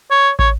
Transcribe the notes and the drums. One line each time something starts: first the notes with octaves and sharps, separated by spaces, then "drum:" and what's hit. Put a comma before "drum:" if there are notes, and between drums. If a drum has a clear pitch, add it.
C#5
C#5, drum: kick